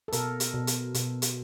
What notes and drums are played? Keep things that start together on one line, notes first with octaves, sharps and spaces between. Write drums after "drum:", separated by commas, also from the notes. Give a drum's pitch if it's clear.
A4
B2 A#4, drum: hi-hat
drum: hi-hat
B2
drum: hi-hat
B2, drum: hi-hat
drum: hi-hat